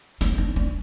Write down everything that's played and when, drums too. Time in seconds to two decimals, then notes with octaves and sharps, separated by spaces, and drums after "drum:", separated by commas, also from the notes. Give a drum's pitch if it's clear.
0.21 D#4, drum: hi-hat
0.38 D4
0.56 D4